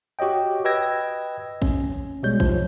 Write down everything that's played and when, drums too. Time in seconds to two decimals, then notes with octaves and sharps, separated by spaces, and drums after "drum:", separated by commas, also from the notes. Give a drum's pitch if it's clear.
0.19 F#4 G4 C#5 D#5 G5
0.65 B4 D#5 G5 E6 G#6 A#6
1.62 C#4, drum: kick
2.23 B2 G3 G#3 C#5 G6
2.40 F3, drum: kick